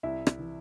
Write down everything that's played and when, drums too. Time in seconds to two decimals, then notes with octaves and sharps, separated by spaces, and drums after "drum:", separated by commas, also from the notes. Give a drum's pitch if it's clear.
0.03 C2 E4 E5
0.27 drum: rim click
0.38 E3